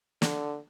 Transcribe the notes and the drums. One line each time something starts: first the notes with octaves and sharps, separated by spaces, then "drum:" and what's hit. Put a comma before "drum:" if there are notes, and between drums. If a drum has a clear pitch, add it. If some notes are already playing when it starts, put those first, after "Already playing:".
D3, drum: snare